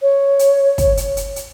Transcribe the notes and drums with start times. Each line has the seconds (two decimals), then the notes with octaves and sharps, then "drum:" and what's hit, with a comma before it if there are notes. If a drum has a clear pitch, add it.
0.01 C#5
0.39 drum: hi-hat
0.78 drum: kick, hi-hat
0.97 drum: hi-hat
1.17 drum: hi-hat
1.36 drum: hi-hat